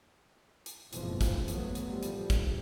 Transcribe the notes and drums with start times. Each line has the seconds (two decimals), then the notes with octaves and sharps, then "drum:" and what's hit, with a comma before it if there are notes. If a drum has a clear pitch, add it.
0.66 drum: hi-hat
0.93 F#1 F2 G#2 B2 E3 F3, drum: hi-hat
1.21 drum: kick, hi-hat
1.48 F#3 A3 B3, drum: hi-hat
1.75 drum: hi-hat
1.90 A2 F3 G3
2.03 drum: hi-hat
2.30 drum: kick, hi-hat